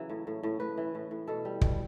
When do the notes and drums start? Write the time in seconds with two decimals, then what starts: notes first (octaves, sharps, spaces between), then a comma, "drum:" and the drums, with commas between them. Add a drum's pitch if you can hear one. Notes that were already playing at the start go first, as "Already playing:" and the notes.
Already playing: C#3 E3 F#3
0.10 A2
0.27 A2
0.43 A2
0.60 A2 B4
0.78 E3
0.95 A2
1.11 A2
1.27 B2 A4
1.45 G3
1.61 B2, drum: kick